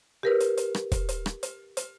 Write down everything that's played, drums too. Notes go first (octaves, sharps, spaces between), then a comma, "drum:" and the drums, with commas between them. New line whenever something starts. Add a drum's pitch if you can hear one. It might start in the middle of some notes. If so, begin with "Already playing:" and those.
G4 A#4 B4
drum: hi-hat
drum: hi-hat
drum: rim click
drum: kick, hi-hat
drum: hi-hat
drum: rim click
drum: hi-hat
drum: hi-hat